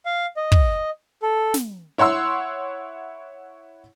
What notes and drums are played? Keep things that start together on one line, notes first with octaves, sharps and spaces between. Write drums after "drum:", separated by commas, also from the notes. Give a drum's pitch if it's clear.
F5
D#5
drum: kick
A4
drum: snare
E4 C#5 F#5 C6 E6